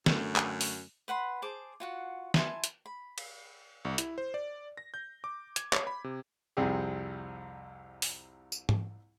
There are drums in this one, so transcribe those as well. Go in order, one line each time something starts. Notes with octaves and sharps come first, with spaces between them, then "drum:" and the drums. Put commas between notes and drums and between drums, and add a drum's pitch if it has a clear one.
F#2 D3 A3, drum: snare
drum: clap
drum: open hi-hat
B4 F#5 B5 C6
G#4 C5 A5 D6
F4 F#4 F#5
E4 G#5 A5 C6, drum: snare
drum: hi-hat
B5
drum: cymbal
C2
E4, drum: hi-hat
C5
D5
A#6
G6
D6
G#6, drum: hi-hat
C#5, drum: clap
B5
C3
C2 F2 C3 G3 G4 G#4
drum: open hi-hat
drum: tambourine
drum: tom G#2